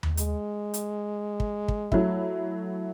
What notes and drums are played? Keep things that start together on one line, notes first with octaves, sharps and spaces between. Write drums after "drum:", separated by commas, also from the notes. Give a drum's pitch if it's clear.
drum: tom D#2
G#3, drum: hi-hat
drum: hi-hat
drum: kick
drum: kick
F#3 A3 E4, drum: kick